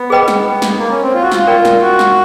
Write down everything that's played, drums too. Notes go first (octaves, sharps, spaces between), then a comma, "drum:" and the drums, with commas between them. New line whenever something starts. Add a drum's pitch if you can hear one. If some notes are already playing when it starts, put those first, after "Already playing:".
Already playing: B3
G#4 B4 D#5 G5 B5
drum: snare
drum: snare
A#3
C#4
C4
F4
F#4
F4, drum: snare
A#4 D5 G5 B5
drum: snare
F#4
drum: snare